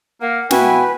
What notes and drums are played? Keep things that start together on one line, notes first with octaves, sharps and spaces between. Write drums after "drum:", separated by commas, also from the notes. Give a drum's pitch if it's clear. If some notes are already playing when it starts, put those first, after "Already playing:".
A#3 F#5
B2 E4 F#4 B4 G5 G#5, drum: snare